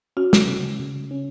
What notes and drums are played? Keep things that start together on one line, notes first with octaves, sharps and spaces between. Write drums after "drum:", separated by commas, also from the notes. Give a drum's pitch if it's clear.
C#4 F#4
drum: snare
C#3
C#3
C#4